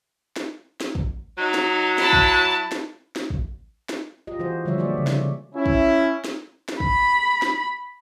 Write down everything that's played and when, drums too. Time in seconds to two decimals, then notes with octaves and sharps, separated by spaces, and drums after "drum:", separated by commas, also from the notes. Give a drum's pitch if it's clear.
0.36 drum: snare
0.80 drum: snare
0.95 drum: kick
1.38 F#3 D#4
1.54 drum: snare
1.98 E4 A5, drum: snare
2.13 drum: kick
2.72 drum: snare
3.16 drum: snare
3.30 drum: kick
3.89 drum: snare
4.27 F4 G4 D#5
4.39 E3 F#4 G#4 C5
4.65 D3 F3 G3 G#3 C#5 E5
4.78 G#3 A#3 F#4 G#4 D5 E5
4.94 C#3 G#3
5.07 drum: snare
5.55 C#4 E4
5.66 drum: kick
6.24 drum: snare
6.69 drum: snare
6.80 B5, drum: kick
7.42 drum: snare